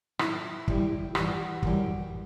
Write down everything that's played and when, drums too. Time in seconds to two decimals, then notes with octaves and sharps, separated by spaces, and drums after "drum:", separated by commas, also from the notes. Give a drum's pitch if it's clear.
0.19 A2 F#3 E4, drum: rim click
0.68 A2 E3 G3, drum: kick
1.15 G2 E3 G3 F#4, drum: rim click
1.63 F#2 E3 G3, drum: kick